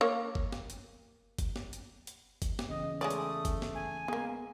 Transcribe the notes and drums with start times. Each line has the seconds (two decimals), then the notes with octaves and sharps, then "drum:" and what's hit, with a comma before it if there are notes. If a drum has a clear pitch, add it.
0.01 A#3 C#5
0.35 drum: kick F#1
0.52 drum: snare
0.70 drum: hi-hat
1.38 drum: kick F#1, hi-hat
1.56 drum: snare
1.73 drum: hi-hat
2.07 drum: hi-hat
2.42 drum: kick F#1, hi-hat
2.59 drum: snare
2.69 E2 C#3 D#5
3.01 G#3 A3 C#5 D5 D#6
3.11 drum: hi-hat
3.45 drum: kick F#1, hi-hat
3.62 drum: snare
3.75 G#5
4.08 G#3 A#3 B3